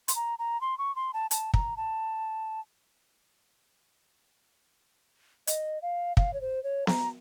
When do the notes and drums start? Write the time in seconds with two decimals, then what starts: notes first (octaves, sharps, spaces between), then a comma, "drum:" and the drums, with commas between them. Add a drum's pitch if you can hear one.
0.08 C6, drum: hi-hat
0.16 A#5
0.39 A#5
0.61 C6
0.78 C#6
0.96 C6
1.14 A5
1.31 A5, drum: hi-hat
1.54 A#5, drum: kick
1.77 A5
5.47 D#5, drum: hi-hat
5.82 F5
6.17 F5, drum: kick
6.33 C#5
6.41 C5
6.64 C#5
6.87 A#5, drum: snare B3